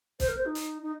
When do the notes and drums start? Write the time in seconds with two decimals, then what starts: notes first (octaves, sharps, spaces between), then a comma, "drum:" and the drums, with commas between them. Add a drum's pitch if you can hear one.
0.20 C5, drum: kick, hi-hat
0.28 A#4
0.37 C5
0.46 D#4
0.55 drum: hi-hat
0.82 D#4